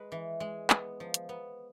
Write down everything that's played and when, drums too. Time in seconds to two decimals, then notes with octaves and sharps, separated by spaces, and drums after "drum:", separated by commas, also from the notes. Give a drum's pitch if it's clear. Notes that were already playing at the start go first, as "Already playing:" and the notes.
Already playing: G#3 B4
0.12 E3
0.40 G#3
0.70 B3, drum: clap
1.00 F3
1.14 drum: hi-hat
1.29 B3